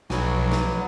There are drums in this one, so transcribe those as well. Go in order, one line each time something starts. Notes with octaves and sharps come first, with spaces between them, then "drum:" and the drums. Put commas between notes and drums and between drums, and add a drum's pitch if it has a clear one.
B1 F3 F#3 B3 G#5, drum: snare
drum: snare